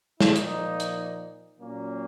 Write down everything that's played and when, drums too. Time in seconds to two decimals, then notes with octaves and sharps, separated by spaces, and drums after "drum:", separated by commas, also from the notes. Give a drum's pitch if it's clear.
0.20 A#2 F3 A#3 D#4, drum: snare
0.36 drum: hi-hat
0.80 drum: hi-hat
1.59 A#2 F#3 A#3 C#4